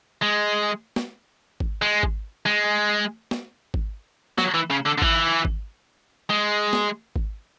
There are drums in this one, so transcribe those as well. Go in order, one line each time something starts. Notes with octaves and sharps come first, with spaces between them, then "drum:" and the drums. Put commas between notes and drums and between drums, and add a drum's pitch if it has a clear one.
G#3
drum: snare
drum: kick G#1
G#3
drum: kick G#1
G#3
drum: snare
drum: kick G#1
F#3, drum: snare
E3
C#3
D3
D3
E3, drum: kick G#1
drum: kick G#1
G#3
drum: snare
drum: kick G#1